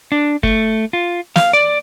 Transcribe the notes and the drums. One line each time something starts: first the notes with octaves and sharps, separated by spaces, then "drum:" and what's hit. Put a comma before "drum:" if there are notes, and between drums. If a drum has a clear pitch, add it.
D4
A3, drum: kick
F4
F5, drum: snare
D5